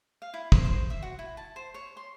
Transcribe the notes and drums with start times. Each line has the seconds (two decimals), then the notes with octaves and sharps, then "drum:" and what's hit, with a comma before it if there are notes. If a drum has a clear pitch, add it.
0.22 F5
0.34 E4
0.52 C5, drum: kick
0.65 C5
0.90 E5
1.02 F#4
1.19 E4
1.37 A5
1.56 C5
1.74 C#5
1.97 C6